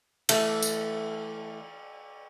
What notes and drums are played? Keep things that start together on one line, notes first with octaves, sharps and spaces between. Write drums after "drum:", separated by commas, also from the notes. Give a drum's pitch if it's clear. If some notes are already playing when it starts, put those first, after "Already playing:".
E3 A3, drum: cymbal
drum: tambourine